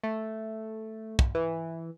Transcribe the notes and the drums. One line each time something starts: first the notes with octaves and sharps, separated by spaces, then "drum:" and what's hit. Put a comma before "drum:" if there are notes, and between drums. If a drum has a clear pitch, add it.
A3
drum: kick
E3